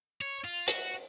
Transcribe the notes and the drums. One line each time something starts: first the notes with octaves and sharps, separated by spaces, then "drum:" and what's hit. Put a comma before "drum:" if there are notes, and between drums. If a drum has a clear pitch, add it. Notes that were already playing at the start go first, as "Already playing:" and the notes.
C#5
F4
F#4, drum: hi-hat